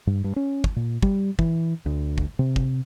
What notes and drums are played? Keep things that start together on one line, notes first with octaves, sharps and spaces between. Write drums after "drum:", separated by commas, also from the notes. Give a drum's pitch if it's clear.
G2
G2
C#4
drum: kick
A#2
G3, drum: kick
E3, drum: kick
D2
drum: kick
C3
drum: kick